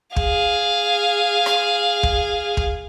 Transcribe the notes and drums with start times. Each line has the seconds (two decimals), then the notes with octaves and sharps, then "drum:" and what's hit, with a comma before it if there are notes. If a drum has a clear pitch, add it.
0.16 G#4 F5, drum: kick
1.46 drum: rim click
2.03 drum: kick
2.57 drum: kick